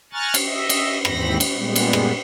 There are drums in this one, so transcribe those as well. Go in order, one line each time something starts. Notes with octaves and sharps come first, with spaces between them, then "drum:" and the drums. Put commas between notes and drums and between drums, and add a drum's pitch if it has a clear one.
G#5 A#5 C#6 F6 F#6 A6
drum: cymbal
D#5 E5
drum: cymbal
D#2 G#2 E3 C4 B5 A#6, drum: rim click
drum: cymbal
A#2 G3 G#3 B3
drum: cymbal
drum: rim click